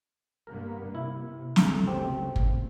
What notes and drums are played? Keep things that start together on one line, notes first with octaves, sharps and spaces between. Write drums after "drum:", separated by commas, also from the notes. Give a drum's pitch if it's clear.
G2 A#3 B3 A#4
C3 E4
F#1 C#2 A3, drum: snare
C4 G4
drum: kick